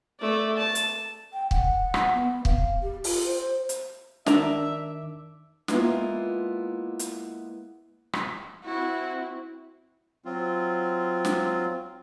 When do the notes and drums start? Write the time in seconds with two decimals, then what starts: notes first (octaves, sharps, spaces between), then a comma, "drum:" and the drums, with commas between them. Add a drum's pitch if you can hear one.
0.20 A3 D5
0.57 A5
0.75 drum: hi-hat
1.33 G5
1.51 F#5, drum: kick
1.94 drum: rim click
2.14 B3
2.45 F5, drum: kick
2.82 G4
3.04 F4, drum: open hi-hat
3.25 C5
3.69 drum: hi-hat
4.26 D#3 D4 E5 A#5 D6 E6, drum: snare
5.68 G#3 A#3 B3 E4 F4, drum: snare
6.99 drum: hi-hat
8.13 drum: rim click
8.65 C4 E4 F#4
10.25 F#3 C4 F4
11.25 drum: snare